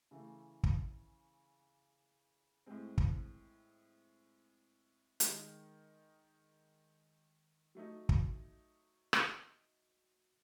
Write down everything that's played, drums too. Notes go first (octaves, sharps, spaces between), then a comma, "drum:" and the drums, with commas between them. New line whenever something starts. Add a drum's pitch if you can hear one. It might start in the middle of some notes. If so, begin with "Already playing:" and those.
C#3 E3 A3
drum: kick
A2 G#3 C4
drum: kick
D#3 G#3 D#4, drum: hi-hat
F#3 A3 D#4
drum: kick
drum: rim click